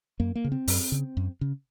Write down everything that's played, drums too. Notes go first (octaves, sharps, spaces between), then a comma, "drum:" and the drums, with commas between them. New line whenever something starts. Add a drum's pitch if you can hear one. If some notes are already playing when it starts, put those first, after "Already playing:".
F#2 A#3
A#3
C#3
C4
F#2, drum: open hi-hat
C#3
F#2
C#3